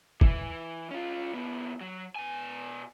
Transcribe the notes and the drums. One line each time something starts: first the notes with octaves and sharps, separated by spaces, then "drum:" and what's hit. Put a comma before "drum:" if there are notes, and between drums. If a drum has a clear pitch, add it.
E3 E4, drum: kick
C#4 F4
D#2 B3
F#3
B2 G#5